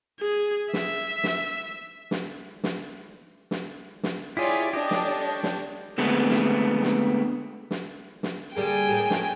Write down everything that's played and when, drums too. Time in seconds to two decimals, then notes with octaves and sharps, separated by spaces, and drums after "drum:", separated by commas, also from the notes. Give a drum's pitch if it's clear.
0.20 G#4
0.73 E5, drum: snare
1.24 drum: snare
2.11 drum: snare
2.64 drum: snare
3.51 drum: snare
4.03 drum: snare
4.37 E4 F4 G4 G#4 C#5 D5
4.73 D4 G4 A4 C#5 D#5
4.91 drum: snare
5.43 drum: snare
5.98 D3 G#3 A3 B3 C4
6.31 drum: snare
6.83 drum: snare
7.71 drum: snare
8.23 drum: snare
8.57 D3 G3 A#3 G#4 G5 G#5
8.88 A2 G#3 A#3
9.11 drum: snare